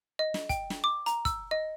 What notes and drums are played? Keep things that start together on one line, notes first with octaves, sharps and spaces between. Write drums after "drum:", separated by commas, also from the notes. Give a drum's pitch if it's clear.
D#5
drum: snare
G5, drum: kick, hi-hat
drum: snare
D6
A#5, drum: hi-hat
E6, drum: kick, hi-hat
D#5